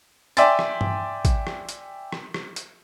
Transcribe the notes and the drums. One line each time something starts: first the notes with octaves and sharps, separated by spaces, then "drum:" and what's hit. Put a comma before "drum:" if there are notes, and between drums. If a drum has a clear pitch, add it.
D5 E5 G5 G#5 C6 A6, drum: hi-hat
drum: rim click
drum: tom G2
drum: kick, hi-hat
drum: rim click
drum: hi-hat
drum: rim click
drum: rim click
drum: hi-hat